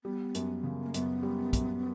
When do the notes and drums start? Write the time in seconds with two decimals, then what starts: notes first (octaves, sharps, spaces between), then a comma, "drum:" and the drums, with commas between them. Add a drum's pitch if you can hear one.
0.04 G3 B3
0.35 F#2, drum: hi-hat
0.63 C#3
0.86 A#3
0.94 F#2 B3, drum: hi-hat
1.23 G3
1.53 F#2, drum: kick, hi-hat